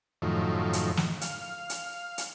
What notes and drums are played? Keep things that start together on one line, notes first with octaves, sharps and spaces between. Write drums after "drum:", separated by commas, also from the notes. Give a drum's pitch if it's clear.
F#2 A2 D#3 F3
drum: hi-hat
drum: snare
F5, drum: hi-hat
drum: hi-hat
drum: hi-hat